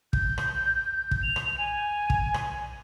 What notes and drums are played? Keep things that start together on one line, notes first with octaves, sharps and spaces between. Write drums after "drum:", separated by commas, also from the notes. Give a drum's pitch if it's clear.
G6, drum: kick
drum: rim click
drum: kick
F7
drum: rim click
G#5
drum: kick
drum: rim click